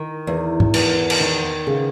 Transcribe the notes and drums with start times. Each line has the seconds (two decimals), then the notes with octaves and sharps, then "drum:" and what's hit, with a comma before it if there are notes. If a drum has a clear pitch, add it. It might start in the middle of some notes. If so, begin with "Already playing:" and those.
Already playing: D#3 A#4
0.27 E2
0.60 drum: tom G#2
0.74 B3, drum: cymbal
1.10 drum: cymbal
1.20 D#3
1.67 C#3 G#4